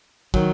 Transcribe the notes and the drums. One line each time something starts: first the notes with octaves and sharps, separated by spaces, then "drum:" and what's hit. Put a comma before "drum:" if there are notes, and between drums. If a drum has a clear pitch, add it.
D#3 F#3, drum: kick